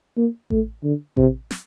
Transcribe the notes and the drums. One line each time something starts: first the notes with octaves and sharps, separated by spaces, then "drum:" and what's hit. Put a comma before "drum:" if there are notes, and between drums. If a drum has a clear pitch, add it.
A#3
A3, drum: kick A1
D3
C3, drum: kick A1
drum: snare